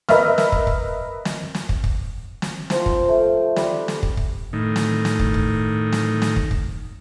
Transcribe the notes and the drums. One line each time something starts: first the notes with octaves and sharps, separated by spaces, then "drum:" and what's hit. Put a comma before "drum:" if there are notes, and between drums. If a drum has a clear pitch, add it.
A#4 B4 D#5 E5 F6, drum: snare
drum: snare
drum: kick
drum: kick
drum: snare
drum: snare
drum: kick
drum: kick
drum: snare
F3 A#3 C4 C5, drum: snare
drum: kick
A3
G3 B4, drum: snare
drum: snare
drum: kick
drum: kick
A2 D#3
drum: snare
drum: snare
drum: kick
drum: kick
drum: snare
drum: snare
drum: kick
drum: kick